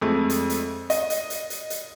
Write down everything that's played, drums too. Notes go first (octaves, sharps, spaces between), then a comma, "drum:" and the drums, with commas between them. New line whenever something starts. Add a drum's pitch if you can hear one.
F2 G#3 A3
drum: hi-hat
drum: hi-hat
D#5, drum: hi-hat
drum: hi-hat
drum: hi-hat
drum: hi-hat
drum: hi-hat